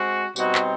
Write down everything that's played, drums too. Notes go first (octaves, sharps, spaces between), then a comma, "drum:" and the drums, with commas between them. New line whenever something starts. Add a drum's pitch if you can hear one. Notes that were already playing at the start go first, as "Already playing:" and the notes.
Already playing: G#3 C4 F#4
B2 G3 C4 D#4 F#4, drum: tambourine
drum: clap